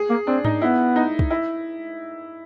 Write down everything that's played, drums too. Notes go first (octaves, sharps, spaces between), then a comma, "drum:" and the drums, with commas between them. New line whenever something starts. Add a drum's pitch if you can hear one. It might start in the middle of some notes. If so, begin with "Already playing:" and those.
Already playing: G#4
A#3
C4 D4
D#4, drum: tom G#2
B3 E4
D#4
drum: kick
E4